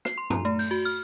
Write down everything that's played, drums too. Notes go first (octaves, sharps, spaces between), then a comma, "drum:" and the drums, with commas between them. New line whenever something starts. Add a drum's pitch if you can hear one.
C7, drum: rim click
C6
A#5, drum: tom
A3
G6, drum: open hi-hat
F#4
F6